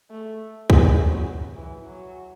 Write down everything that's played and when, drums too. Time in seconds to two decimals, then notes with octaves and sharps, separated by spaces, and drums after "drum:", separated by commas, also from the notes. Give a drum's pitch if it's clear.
0.11 A3
0.70 G#3, drum: kick
0.99 F#3
1.56 E3
1.86 F#3